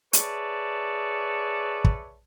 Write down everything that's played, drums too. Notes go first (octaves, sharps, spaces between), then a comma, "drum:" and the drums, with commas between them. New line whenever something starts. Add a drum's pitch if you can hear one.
G#4 B4 C#5 D5 E5 A5, drum: hi-hat
drum: kick